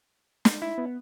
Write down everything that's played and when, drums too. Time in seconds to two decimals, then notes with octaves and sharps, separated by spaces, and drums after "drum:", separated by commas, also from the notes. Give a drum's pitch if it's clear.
0.45 drum: snare
0.62 E4
0.78 B3